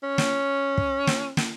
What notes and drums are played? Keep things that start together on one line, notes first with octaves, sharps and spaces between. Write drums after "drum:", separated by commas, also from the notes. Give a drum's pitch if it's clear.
C#4
drum: snare
drum: kick
drum: snare
drum: snare